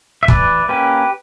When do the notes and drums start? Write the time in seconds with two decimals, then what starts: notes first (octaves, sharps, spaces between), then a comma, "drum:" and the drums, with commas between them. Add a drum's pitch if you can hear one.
0.23 E5
0.28 E3 B4 D5, drum: kick
0.69 A#3 C#4 G4 B4